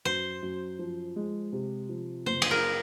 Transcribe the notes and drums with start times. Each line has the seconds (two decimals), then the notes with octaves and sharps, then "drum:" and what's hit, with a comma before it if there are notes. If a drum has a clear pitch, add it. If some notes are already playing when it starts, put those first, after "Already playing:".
0.05 F#2 C5
0.42 F#2
0.79 F3
1.16 G#3
1.53 C3
1.89 F3
2.26 F#1 C5
2.42 G#4, drum: cymbal
2.51 A#4